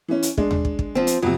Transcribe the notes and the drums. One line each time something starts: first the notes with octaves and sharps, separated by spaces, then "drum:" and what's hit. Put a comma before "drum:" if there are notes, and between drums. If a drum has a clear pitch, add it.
E3 C#4
drum: hi-hat
G#3 D4, drum: kick
drum: tom D#2
drum: kick
drum: kick
F3 C4
drum: hi-hat
F2 C3 F#3